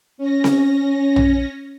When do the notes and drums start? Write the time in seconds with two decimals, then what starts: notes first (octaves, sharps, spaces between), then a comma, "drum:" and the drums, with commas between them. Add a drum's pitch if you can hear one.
0.18 C#4 A#6
0.44 drum: snare C4
1.16 drum: tom A#1